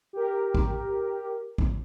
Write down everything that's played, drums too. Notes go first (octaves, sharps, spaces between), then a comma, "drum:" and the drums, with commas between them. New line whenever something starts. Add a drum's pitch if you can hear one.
G4 A#4
drum: kick A1
drum: kick A1